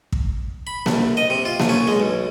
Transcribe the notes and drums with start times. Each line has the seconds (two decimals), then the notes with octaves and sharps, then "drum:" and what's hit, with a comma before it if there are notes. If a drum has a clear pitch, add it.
0.12 drum: kick
0.67 B5
0.86 C2, drum: snare A#3
1.17 D#5
1.30 C3
1.45 F4
1.60 drum: snare A#3
1.69 C#4
1.87 G#3
2.00 B1